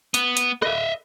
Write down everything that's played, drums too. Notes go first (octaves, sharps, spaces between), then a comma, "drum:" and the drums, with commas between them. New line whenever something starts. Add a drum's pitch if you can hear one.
B3, drum: hi-hat
drum: hi-hat
D#5 E5, drum: rim click